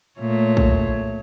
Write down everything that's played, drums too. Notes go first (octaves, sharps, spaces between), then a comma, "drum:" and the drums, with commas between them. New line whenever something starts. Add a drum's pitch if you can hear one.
A#2 A3 C#5
drum: kick